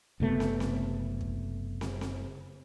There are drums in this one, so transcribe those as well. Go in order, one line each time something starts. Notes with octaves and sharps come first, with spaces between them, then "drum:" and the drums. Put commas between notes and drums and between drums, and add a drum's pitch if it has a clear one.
F#1 C3 A3 B3
drum: snare
drum: snare
drum: kick
drum: snare
drum: snare